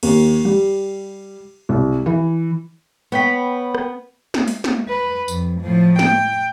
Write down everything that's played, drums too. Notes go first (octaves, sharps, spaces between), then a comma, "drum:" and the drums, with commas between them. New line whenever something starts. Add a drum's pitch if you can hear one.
D#2, drum: cymbal
G3
C2
E3
B3 C#5 G5 B5
drum: rim click
drum: snare
drum: open hi-hat
drum: snare
B4
F2, drum: tambourine
A2 F3
G5, drum: snare